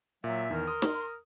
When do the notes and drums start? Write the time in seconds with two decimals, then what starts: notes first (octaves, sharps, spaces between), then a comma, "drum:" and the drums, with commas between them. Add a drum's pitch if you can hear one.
0.24 A#2 F#3 E5
0.50 E2 D#3 A#4
0.68 C6 D#6
0.82 drum: snare